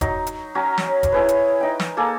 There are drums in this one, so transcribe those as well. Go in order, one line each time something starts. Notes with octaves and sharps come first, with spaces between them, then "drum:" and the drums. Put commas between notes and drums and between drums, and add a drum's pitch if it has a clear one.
F#3 D#4, drum: kick E1, hi-hat
drum: hi-hat
F#3 C#4 A#5
drum: snare
C#5
drum: kick E1, hi-hat
E4 G#4 B4
drum: hi-hat
D#4 G5
drum: snare
A#3 G#4 A4